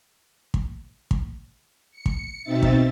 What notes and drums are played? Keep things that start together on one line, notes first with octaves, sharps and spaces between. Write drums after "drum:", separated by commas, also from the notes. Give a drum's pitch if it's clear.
drum: kick
drum: kick
C#7
drum: kick
B2 C4 D#4 E5 A6
drum: kick